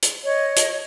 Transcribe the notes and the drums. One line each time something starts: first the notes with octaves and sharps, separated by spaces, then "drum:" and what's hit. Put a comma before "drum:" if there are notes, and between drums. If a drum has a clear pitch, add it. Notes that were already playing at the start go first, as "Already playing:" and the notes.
drum: hi-hat
C#5 D#5
drum: hi-hat